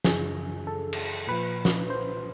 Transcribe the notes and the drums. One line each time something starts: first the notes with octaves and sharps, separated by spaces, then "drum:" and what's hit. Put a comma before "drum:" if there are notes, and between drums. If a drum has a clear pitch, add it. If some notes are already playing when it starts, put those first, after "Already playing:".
F#2 C#3 E3 G#4, drum: snare
A4
drum: cymbal
A#2 F3 B4
drum: snare
C5